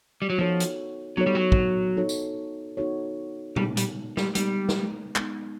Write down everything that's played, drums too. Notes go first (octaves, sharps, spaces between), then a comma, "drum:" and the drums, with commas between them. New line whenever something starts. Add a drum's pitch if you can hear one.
G3
F#3
F3 B3 D#4 F#4 A4 C#5
drum: hi-hat
F#3 B3 D#4 F#4 A4 C#5
G3
F#3
drum: kick
B3 D#4 F#4 A4 C#5
drum: tambourine
B3 D#4 F#4 A4 C#5
G3 G#3 B3 D#4, drum: tom A#2
G3, drum: hi-hat
G3, drum: snare
G3 G#3 B3 D#4, drum: hi-hat
drum: snare
G#3 B3 D#4, drum: clap